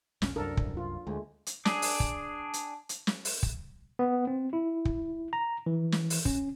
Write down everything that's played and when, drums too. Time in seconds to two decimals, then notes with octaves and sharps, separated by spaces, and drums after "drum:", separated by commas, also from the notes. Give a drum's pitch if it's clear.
0.22 E1 B1 C#4, drum: snare
0.36 C2 F#2 D4 A4 A#4
0.57 drum: kick
0.77 F4
1.07 D2 G#3 A3
1.46 drum: hi-hat
1.65 D4 G#4, drum: snare
1.82 drum: open hi-hat
2.00 drum: kick
2.53 drum: hi-hat
2.89 drum: hi-hat
3.07 drum: snare
3.25 drum: open hi-hat
3.43 drum: kick
3.99 B3
4.27 C4
4.53 E4
4.85 drum: kick
5.33 A#5
5.66 E3
5.92 drum: snare
6.10 drum: open hi-hat
6.25 C#4, drum: kick